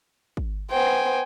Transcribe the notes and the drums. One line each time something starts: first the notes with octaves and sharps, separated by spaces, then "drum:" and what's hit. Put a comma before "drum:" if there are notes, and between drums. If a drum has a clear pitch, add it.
drum: kick
B3 C5 G5 G#5